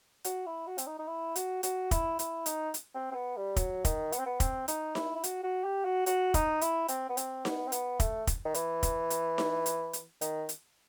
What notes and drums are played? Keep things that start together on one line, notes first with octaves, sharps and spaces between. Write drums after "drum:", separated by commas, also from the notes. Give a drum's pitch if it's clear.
F#4, drum: hi-hat
E4
F#4
C4, drum: hi-hat
D#4
D#4
E4
F#4, drum: hi-hat
F#4, drum: hi-hat
E4, drum: kick, hi-hat
E4, drum: hi-hat
D#4, drum: hi-hat
drum: hi-hat
C4
C4
B3
G3
F#3, drum: kick, hi-hat
D#3, drum: kick, hi-hat
B3, drum: hi-hat
C4
B3
C4, drum: kick, hi-hat
D#4, drum: hi-hat
E4, drum: snare D#4
E4
F#4, drum: hi-hat
F#4
G4
F#4
F#4, drum: hi-hat
D#4, drum: kick, hi-hat
E4, drum: hi-hat
C4, drum: hi-hat
B3
C4, drum: hi-hat
B3, drum: snare D#4
C4
B3, drum: hi-hat
A3, drum: kick, hi-hat
drum: kick, hi-hat
D#3
E3, drum: hi-hat
drum: kick, hi-hat
drum: hi-hat
drum: snare D#4
drum: hi-hat
drum: hi-hat
D#3, drum: hi-hat
drum: hi-hat